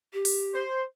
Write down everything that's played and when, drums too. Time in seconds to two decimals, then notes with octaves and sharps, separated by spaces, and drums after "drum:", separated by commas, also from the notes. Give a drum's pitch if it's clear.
0.13 G4
0.25 drum: open hi-hat
0.54 C5